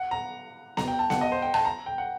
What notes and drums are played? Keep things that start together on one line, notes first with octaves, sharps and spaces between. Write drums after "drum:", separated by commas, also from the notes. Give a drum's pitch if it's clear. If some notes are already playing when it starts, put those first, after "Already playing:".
Already playing: F#5
A#5
A#5, drum: snare B3
G5
A5
F#5, drum: snare B3
D#5
C5
G5
A5, drum: rim click
A#5
G5
F#5